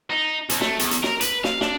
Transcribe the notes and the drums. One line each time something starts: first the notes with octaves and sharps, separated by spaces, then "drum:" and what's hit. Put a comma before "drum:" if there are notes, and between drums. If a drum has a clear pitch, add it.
D#4
C2, drum: hi-hat
A3, drum: snare
E2, drum: hi-hat
drum: hi-hat
A#4, drum: snare
B4, drum: hi-hat
F5, drum: snare
D4, drum: snare